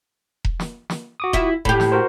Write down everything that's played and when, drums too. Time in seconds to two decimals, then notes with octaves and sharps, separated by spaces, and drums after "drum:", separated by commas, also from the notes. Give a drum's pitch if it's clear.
0.45 drum: kick E1
0.60 drum: snare
0.90 drum: snare
1.20 F#4 D6 D#6
1.33 E4 F4 E5, drum: kick E1
1.65 A2 G4 B5, drum: kick E1
1.80 drum: snare
1.92 F#4 A#4 C5